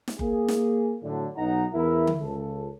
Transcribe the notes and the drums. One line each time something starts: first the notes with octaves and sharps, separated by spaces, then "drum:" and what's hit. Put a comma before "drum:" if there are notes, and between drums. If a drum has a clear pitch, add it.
drum: snare
A#3 G#4, drum: kick F#1
drum: snare
A2 D3 F#3
B1 D#4 F#5 A#5
E2 E4 A#4
drum: tom D3
C#2 A4